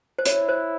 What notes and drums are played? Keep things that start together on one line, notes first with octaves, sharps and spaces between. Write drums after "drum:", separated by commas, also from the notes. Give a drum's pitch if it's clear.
C5
E4 C#5, drum: hi-hat
C5